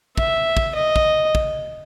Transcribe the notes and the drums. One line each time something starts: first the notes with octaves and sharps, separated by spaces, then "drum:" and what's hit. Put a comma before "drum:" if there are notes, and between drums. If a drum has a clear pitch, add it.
E5, drum: kick
drum: kick
D#5
drum: kick
drum: kick